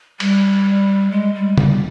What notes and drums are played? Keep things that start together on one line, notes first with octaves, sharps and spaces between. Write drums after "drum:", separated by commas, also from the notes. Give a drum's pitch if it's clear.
G3, drum: cymbal
G#3
G3
G3, drum: tom C#3